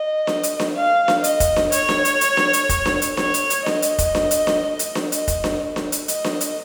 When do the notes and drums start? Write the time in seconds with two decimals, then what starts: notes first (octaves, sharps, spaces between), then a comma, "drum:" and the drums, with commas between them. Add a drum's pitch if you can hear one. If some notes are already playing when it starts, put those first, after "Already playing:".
Already playing: D#5
0.27 drum: snare D4
0.43 drum: hi-hat
0.60 drum: snare D4
0.75 F5
1.08 drum: snare D4
1.24 D#5, drum: hi-hat
1.40 drum: kick F1, hi-hat
1.56 drum: snare D4
1.72 C#5, drum: hi-hat
1.89 drum: snare D4
2.05 drum: hi-hat
2.21 drum: hi-hat
2.37 drum: snare D4
2.53 drum: hi-hat
2.69 drum: kick F1, hi-hat
2.85 drum: snare D4
3.02 drum: hi-hat
3.17 C#5, drum: snare D4
3.34 drum: hi-hat
3.50 drum: hi-hat
3.66 D#5, drum: snare D4
3.82 drum: hi-hat
3.98 drum: kick F1, hi-hat
4.15 drum: snare D4
4.31 drum: hi-hat
4.47 drum: snare D4
4.79 drum: hi-hat
4.95 drum: snare D4
5.12 D#5, drum: hi-hat
5.28 drum: kick F1, hi-hat
5.44 drum: snare D4
5.76 drum: snare D4
5.92 drum: hi-hat
6.08 D#5, drum: hi-hat
6.24 drum: snare D4
6.41 drum: hi-hat